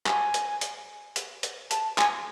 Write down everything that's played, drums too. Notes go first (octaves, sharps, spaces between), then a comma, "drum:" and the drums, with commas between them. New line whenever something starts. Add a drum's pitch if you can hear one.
G#5, drum: clap
drum: hi-hat
drum: hi-hat
drum: hi-hat
drum: hi-hat
A5, drum: hi-hat
G#5, drum: clap